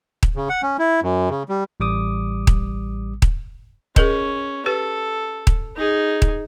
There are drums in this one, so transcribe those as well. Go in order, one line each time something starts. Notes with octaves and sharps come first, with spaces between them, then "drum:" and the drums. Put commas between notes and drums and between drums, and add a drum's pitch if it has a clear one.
drum: kick D#1
C#3
F#5
C#4
E4
F#2
C#3
G3
A1 G3 D6 D#6
drum: kick D#1
drum: kick D#1
C#4 G#4 A#4 D#5, drum: kick D#1
G4 A4 B4
drum: kick D#1
D#4 G#4
drum: kick D#1